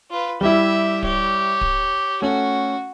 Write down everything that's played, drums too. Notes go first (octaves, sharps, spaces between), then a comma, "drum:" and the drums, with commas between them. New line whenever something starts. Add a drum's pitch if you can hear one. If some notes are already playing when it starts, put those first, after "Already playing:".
F4 B4
G3 E4 G4 E5
G4 C#5, drum: kick D1
drum: kick D1
A3 C#4 F#4